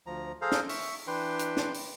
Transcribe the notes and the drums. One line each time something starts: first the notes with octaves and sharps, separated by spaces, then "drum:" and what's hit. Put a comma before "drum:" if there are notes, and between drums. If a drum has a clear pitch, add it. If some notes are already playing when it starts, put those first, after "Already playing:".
D2 F3 A#5
G#4 A4 C5 F5 A#5
drum: snare
E5 C#6, drum: open hi-hat
E3 D4 B4 G5 C6
drum: hi-hat
drum: snare
drum: open hi-hat